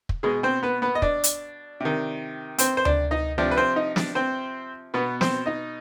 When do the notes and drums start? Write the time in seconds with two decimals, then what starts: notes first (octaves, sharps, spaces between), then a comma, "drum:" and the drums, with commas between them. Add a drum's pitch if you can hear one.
0.09 drum: kick
0.23 B2 G#3 G#4
0.43 C4 C5
0.63 B3 B4
0.82 B3 B4
0.95 D#5
1.02 D4 D5, drum: kick
1.24 drum: hi-hat
1.80 C3 D#3
2.58 C4 C5, drum: hi-hat
2.77 C5
2.85 D4 D5, drum: tom D2
3.11 D#4 D#5
3.38 C3 F3 D4 D5
3.51 B4
3.57 C4 C5
3.76 D#4 D#5
3.96 D4 D5, drum: snare
4.15 C4 C5
4.94 B2 B3 B4
5.21 C4 C5, drum: snare
5.46 D#4 D#5